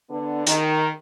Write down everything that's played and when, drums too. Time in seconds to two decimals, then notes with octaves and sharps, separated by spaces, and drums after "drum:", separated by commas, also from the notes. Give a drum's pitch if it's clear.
0.10 D3 B3 D4
0.47 D#3, drum: hi-hat